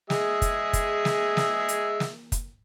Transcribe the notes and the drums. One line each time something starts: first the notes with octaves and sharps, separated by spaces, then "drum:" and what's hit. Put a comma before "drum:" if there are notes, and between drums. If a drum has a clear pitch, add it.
G#3 G#4 E5, drum: snare
drum: kick, hi-hat
drum: kick, hi-hat
drum: snare
drum: snare
drum: hi-hat
drum: snare
drum: kick, hi-hat